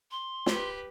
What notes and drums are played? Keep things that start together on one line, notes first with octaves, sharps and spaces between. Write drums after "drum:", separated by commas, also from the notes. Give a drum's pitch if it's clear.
C6
G4 B4, drum: snare